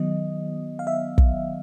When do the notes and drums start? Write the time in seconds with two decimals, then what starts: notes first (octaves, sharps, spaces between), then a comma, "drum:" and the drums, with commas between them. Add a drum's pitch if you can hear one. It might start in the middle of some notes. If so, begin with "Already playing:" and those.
Already playing: D#3 F#3 B3 D#5
0.79 F5
0.87 E5
1.18 drum: kick